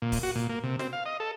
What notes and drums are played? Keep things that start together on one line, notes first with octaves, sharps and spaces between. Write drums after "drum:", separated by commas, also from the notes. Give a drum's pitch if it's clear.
A#2
drum: kick, open hi-hat
F#4
A#2
A#3
C3
C4, drum: snare
F5
D#5
A4